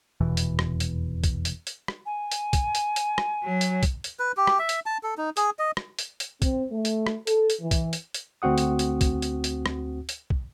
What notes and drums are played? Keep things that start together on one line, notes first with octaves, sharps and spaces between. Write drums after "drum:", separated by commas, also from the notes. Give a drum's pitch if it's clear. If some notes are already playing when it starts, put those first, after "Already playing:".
F1 E2 B2 E3
drum: hi-hat
drum: rim click
drum: hi-hat
drum: kick, hi-hat
drum: hi-hat
drum: hi-hat
drum: rim click
G#5
drum: hi-hat
drum: kick, hi-hat
drum: hi-hat
drum: hi-hat
drum: rim click
F#3
drum: hi-hat
drum: kick, hi-hat
drum: hi-hat
B4
G4
drum: rim click
E5
drum: hi-hat
A5
A4
D#4
G#4, drum: hi-hat
D#5
drum: rim click
drum: hi-hat
drum: hi-hat
C4, drum: kick, hi-hat
A3
drum: hi-hat
drum: rim click
A4, drum: hi-hat
drum: hi-hat
E3
drum: kick, hi-hat
drum: hi-hat
drum: hi-hat
D2 C4 F#4 F#5 D#6
drum: hi-hat
drum: hi-hat
drum: kick, hi-hat
drum: hi-hat
drum: hi-hat
drum: rim click
drum: hi-hat
drum: kick